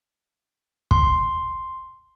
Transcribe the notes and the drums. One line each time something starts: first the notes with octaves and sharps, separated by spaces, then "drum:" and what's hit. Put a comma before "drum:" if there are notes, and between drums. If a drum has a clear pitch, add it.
C6, drum: kick